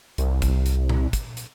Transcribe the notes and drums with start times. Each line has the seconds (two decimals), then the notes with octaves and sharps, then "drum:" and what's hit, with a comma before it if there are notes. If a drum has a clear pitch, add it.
0.18 C2, drum: hi-hat
0.42 drum: kick, hi-hat
0.66 drum: hi-hat
0.89 drum: tom A#2
1.13 drum: kick, hi-hat
1.37 drum: hi-hat